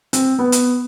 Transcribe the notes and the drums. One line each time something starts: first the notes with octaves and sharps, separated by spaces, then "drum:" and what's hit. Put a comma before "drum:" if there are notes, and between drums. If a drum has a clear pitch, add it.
C4, drum: hi-hat
B3
drum: hi-hat